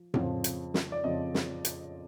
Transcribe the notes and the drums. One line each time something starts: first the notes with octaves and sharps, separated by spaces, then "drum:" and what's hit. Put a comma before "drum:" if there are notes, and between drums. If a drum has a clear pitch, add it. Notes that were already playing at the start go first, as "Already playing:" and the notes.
Already playing: F3
F2 C#3 F3, drum: tom A2
drum: hi-hat
drum: snare
D5
F2 C#3 F3 D#5
drum: snare
drum: hi-hat